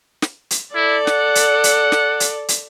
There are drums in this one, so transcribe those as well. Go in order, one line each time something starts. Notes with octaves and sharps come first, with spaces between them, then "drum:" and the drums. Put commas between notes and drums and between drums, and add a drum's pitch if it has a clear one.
drum: snare
drum: hi-hat
E4 A4 D5
F#5, drum: snare
drum: hi-hat
drum: hi-hat
drum: snare
drum: hi-hat
drum: hi-hat